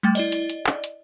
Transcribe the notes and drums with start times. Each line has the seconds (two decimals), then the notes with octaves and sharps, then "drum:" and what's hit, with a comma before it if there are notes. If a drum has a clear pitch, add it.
0.03 G3 A3 G5 A6
0.15 E4 D5 D#5, drum: hi-hat
0.32 drum: hi-hat
0.49 drum: hi-hat
0.67 drum: clap
0.84 drum: hi-hat